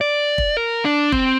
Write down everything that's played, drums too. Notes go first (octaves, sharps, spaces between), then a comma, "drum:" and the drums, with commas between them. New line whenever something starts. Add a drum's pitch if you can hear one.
D5
drum: kick
A#4
D4
C4, drum: kick